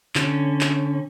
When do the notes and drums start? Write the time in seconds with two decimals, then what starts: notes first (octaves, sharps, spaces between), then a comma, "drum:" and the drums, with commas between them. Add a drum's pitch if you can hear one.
0.15 D3 C#4, drum: clap
0.61 drum: clap